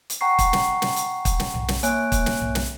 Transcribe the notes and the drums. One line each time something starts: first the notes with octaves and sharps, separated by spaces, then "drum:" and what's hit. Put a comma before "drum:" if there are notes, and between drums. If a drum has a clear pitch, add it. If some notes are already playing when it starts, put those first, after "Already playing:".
drum: hi-hat
F#5 G5 A#5 C#6 C7
drum: kick, hi-hat
drum: snare
drum: snare
drum: hi-hat
drum: kick, hi-hat
drum: snare
drum: tom B1
drum: snare
A#3 C#5 E5 G#5 F#6 D7, drum: hi-hat
drum: kick, hi-hat
drum: snare
drum: tom B1
drum: snare